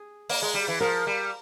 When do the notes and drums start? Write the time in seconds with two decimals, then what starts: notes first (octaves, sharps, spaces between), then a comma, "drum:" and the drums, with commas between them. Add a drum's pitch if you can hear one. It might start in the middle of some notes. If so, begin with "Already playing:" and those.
Already playing: G#4
0.30 A#3, drum: open hi-hat
0.42 G#3
0.54 G3
0.68 E3
0.80 F3 A#4
1.07 G3